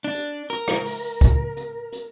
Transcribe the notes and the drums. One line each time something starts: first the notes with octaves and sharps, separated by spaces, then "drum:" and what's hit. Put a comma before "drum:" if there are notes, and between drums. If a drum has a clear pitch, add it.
D4
drum: hi-hat
A#4, drum: hi-hat
drum: rim click
drum: open hi-hat
drum: kick, hi-hat
drum: hi-hat
drum: hi-hat